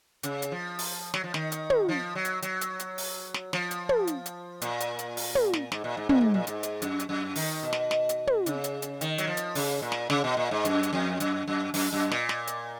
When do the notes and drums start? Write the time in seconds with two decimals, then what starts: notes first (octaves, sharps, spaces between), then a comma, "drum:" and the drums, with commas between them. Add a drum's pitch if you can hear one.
0.23 C#3, drum: hi-hat
0.42 drum: hi-hat
0.52 F3
0.79 drum: open hi-hat
1.14 F#3, drum: snare
1.24 F3
1.34 D#3, drum: snare
1.52 drum: hi-hat
1.70 drum: tom
1.89 F3
2.15 F#3
2.25 drum: hi-hat
2.42 F#3, drum: hi-hat
2.61 drum: hi-hat
2.80 drum: hi-hat
2.98 drum: open hi-hat
3.34 drum: snare
3.53 F3, drum: snare
3.71 drum: hi-hat
3.89 drum: tom
4.07 drum: hi-hat
4.26 drum: hi-hat
4.62 A#2, drum: hi-hat
4.80 drum: hi-hat
4.99 drum: hi-hat
5.17 drum: open hi-hat
5.35 drum: tom
5.53 drum: snare
5.72 G#2, drum: snare
5.84 A#2
5.97 G#2
6.09 A#2, drum: tom
6.21 G#2
6.34 A#2
6.47 G#2, drum: hi-hat
6.63 drum: hi-hat
6.82 F#2, drum: hi-hat
7.00 drum: hi-hat
7.09 F#2
7.35 D#3, drum: open hi-hat
7.63 B2
7.73 drum: snare
7.91 drum: snare
8.09 drum: hi-hat
8.27 drum: tom
8.46 C#3, drum: hi-hat
8.64 drum: hi-hat
8.82 drum: hi-hat
9.01 D#3, drum: hi-hat
9.18 F#3, drum: hi-hat
9.27 F3
9.37 drum: hi-hat
9.55 C#3, drum: open hi-hat
9.82 A#2
9.92 drum: snare
10.10 C#3, drum: snare
10.24 B2
10.37 A#2
10.51 G#2
10.65 F#2, drum: hi-hat
10.83 drum: hi-hat
10.93 F2
11.20 F#2, drum: hi-hat
11.47 F#2
11.74 F#2, drum: open hi-hat
11.93 F#2
12.11 A#2, drum: snare
12.29 drum: snare
12.47 drum: hi-hat